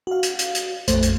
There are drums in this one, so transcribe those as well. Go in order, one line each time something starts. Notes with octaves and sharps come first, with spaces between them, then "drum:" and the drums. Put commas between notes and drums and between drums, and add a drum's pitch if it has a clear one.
F#4 F5
drum: hi-hat
drum: hi-hat
drum: hi-hat
A#1 F2 A3 C5, drum: hi-hat
drum: hi-hat